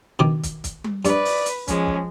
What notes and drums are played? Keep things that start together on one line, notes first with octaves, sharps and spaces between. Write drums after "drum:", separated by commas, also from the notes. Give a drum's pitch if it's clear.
B2 D#3 D6
drum: kick, hi-hat
drum: kick, hi-hat
drum: tom G3
G2 B4 D5, drum: hi-hat
drum: open hi-hat
drum: hi-hat
F3 G#3 C#4, drum: kick, hi-hat
drum: kick